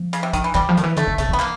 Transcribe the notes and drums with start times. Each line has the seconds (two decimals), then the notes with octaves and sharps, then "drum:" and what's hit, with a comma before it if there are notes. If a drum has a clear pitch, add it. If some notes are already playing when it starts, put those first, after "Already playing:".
Already playing: F3
0.13 C#3, drum: hi-hat
0.23 C3
0.33 D#3, drum: kick, hi-hat
0.44 E3
0.55 E3 G3, drum: clap
0.69 F3
0.77 D#3, drum: hi-hat
0.83 E3
0.97 D3 A3, drum: hi-hat
1.08 D3
1.18 C#3 A3, drum: kick, hi-hat
1.29 E3 B3
1.39 A#3, drum: clap